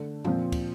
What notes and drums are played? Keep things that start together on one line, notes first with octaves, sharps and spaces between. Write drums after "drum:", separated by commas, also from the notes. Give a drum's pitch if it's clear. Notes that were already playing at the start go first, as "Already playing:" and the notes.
Already playing: D3 A3 D4
A#2 F3 C4 F4, drum: tom F2
drum: kick, cymbal